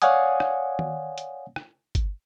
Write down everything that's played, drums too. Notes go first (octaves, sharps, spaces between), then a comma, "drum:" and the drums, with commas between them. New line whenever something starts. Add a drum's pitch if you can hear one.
C#5 D5 F5 F#5 G#5 D#6, drum: hi-hat
drum: rim click
drum: tom D#3
drum: hi-hat
drum: rim click
drum: kick G1, hi-hat